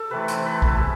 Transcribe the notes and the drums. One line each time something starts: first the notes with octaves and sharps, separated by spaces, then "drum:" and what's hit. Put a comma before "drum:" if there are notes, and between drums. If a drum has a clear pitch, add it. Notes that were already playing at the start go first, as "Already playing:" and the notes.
Already playing: A4
C3 E3 A3 E4 B4
C5, drum: hi-hat
B4
A4, drum: kick A#1
G#4